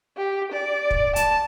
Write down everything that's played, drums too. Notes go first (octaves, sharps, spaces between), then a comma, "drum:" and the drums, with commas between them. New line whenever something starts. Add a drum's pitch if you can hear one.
G4
D5
drum: kick
A5, drum: hi-hat